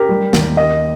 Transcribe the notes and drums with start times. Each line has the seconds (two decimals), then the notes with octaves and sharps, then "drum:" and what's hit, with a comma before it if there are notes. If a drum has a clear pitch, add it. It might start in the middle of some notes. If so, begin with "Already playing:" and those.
Already playing: G4 A#4
0.09 G3
0.33 D#2, drum: snare
0.57 A#3 D#5